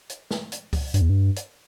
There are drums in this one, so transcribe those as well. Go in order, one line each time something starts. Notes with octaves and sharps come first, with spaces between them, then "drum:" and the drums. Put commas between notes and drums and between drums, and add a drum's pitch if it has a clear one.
drum: hi-hat
drum: snare
drum: hi-hat
drum: kick C#2, open hi-hat
G2, drum: hi-hat
E2
G2
drum: hi-hat